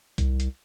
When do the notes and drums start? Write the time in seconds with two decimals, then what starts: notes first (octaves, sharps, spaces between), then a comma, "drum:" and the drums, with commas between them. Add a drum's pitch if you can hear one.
0.18 C2, drum: kick, hi-hat
0.40 drum: hi-hat